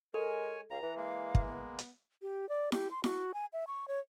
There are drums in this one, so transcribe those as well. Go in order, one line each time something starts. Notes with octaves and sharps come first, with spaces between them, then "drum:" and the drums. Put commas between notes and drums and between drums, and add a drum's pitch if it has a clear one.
G#3 A4 A#4 C#5 G#5
C#2 F5 A#5
E3 B4
G#3 A#3 F5
drum: kick
B3
drum: hi-hat
G4
D5
G4, drum: snare E4
C6
F#4, drum: snare E4
G#5
E5
C#6
C#5